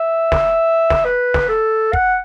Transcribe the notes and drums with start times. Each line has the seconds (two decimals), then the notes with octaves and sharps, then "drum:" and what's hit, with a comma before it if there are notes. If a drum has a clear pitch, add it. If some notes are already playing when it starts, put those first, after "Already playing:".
Already playing: E5
0.32 drum: snare
0.90 drum: snare
1.05 B4
1.34 drum: snare
1.49 A4
1.93 F#5, drum: kick